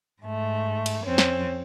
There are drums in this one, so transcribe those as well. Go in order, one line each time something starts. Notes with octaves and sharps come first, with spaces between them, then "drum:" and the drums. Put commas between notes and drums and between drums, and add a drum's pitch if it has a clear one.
G#2 A3
drum: cymbal
F2 C4 C#4
drum: snare